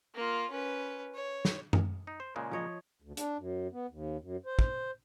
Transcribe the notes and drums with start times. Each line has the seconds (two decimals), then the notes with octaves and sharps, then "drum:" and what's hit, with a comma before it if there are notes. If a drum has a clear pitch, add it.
0.15 A#3 F4
0.51 C#4 B4
1.14 C#5
1.45 drum: snare
1.73 drum: tom F#2
2.07 D#4
2.20 C5
2.36 A#2 C#3 G#3
2.51 F3 C#5 D#5
3.02 D2
3.17 D4, drum: hi-hat
3.37 F#2
3.72 B3
3.89 D#2
4.20 F#2
4.46 C5
4.59 drum: kick